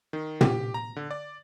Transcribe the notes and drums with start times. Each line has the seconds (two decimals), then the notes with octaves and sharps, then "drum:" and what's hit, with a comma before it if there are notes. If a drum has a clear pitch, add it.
0.13 D#3
0.41 G4, drum: tom
0.74 A#5
0.96 D3
1.11 D5